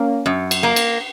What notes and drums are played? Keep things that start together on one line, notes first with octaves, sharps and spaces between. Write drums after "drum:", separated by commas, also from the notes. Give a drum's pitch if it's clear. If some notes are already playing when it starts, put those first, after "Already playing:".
Already playing: A#3 C#4
F#2
drum: cymbal
A#3
drum: cymbal